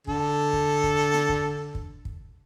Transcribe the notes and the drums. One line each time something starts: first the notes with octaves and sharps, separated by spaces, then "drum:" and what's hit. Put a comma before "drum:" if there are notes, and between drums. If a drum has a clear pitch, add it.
D3 A4, drum: kick
drum: kick
drum: kick
drum: snare
drum: kick
drum: kick
drum: kick